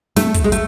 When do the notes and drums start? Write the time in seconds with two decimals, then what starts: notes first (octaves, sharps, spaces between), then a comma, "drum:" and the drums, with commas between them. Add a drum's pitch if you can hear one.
0.16 A3, drum: snare
0.34 drum: kick, hi-hat
0.44 G#3
0.52 A3, drum: hi-hat